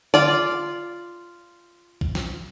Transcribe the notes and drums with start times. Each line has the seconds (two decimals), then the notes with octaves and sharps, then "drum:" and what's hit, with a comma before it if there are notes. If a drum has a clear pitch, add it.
0.14 F4 D5, drum: tom D3
2.01 drum: kick B1
2.15 drum: snare